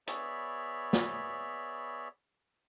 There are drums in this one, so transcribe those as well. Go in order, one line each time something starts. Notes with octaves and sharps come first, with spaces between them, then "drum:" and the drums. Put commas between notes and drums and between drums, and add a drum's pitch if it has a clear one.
B3 G#4 C#5 D5 E5 B5, drum: hi-hat
drum: snare